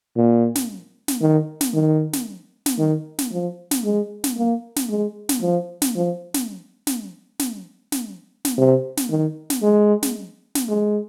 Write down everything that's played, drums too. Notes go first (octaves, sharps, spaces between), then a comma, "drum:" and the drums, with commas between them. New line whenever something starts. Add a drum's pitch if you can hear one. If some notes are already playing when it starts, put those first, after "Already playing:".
A#2
drum: snare
drum: snare
D#3
drum: snare
D#3
drum: snare
drum: snare
D#3
drum: snare
F3
drum: snare
G#3
drum: snare
A#3
drum: snare
G#3
drum: snare
F3
drum: snare
F3
drum: snare
drum: snare
drum: snare
drum: snare
drum: snare
C3
drum: snare
D#3
drum: snare
G#3
drum: snare
drum: snare
G#3